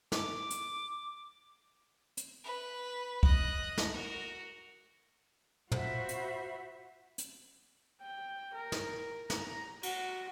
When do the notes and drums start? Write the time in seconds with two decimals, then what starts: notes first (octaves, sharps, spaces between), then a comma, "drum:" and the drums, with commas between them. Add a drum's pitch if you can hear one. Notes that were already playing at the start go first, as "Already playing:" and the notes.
0.12 D6, drum: snare
0.50 drum: hi-hat
2.17 drum: hi-hat
2.44 B4
3.23 D#5 F#6, drum: kick
3.78 drum: snare
3.92 F#4 A#4
5.72 F4 F#4 C5 E5 F#5 B5, drum: tom
6.09 drum: hi-hat
7.18 drum: hi-hat
8.01 G5
8.54 A#4
8.72 drum: snare
9.30 A#5, drum: snare
9.83 F#4, drum: cymbal